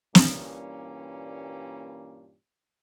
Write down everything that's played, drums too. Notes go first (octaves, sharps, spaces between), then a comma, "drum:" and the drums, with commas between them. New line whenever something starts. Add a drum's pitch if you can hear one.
G2 A#2 E3 G3 A#3 C#4, drum: snare